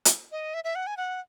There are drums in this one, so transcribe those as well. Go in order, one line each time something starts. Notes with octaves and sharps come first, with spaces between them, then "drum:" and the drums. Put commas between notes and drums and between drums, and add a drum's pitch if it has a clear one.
drum: hi-hat
D#5
E5
E5
F#5
G#5
F#5